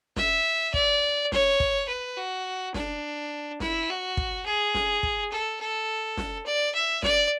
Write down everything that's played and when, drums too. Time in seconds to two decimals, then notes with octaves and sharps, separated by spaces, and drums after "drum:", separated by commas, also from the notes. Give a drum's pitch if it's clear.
0.16 E5, drum: snare
0.74 D5, drum: kick
1.32 C#5, drum: snare
1.60 drum: kick
1.88 B4
2.17 F#4
2.74 D4, drum: snare
3.60 E4, drum: snare
3.89 F#4
4.17 drum: kick
4.46 G#4
4.75 drum: snare
5.03 drum: kick
5.31 A4
5.60 A4
6.17 drum: snare
6.45 D5
6.75 E5
7.03 D5, drum: snare